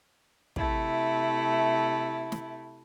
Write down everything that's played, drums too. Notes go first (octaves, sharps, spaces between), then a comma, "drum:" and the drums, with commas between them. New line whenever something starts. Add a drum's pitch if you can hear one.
C3 A3 E4, drum: kick
drum: snare